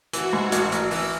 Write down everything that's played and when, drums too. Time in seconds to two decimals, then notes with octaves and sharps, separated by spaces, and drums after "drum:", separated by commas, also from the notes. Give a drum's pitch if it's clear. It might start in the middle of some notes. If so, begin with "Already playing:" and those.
0.13 E3 F#4, drum: hi-hat
0.33 G#2
0.52 A1, drum: hi-hat
0.72 A1, drum: hi-hat
0.91 E3, drum: open hi-hat